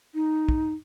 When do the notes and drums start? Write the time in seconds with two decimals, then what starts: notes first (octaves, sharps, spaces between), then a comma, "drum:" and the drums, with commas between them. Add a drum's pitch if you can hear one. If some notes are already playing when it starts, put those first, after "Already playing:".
0.15 D#4
0.49 drum: kick